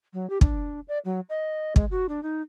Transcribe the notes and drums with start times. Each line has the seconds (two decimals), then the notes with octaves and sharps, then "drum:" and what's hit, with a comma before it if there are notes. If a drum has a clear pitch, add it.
0.14 F#3
0.30 G4
0.41 D4, drum: kick
0.88 D5
1.05 F#3
1.30 D#5
1.76 G#3, drum: kick
1.91 F#4
2.09 D4
2.23 D#4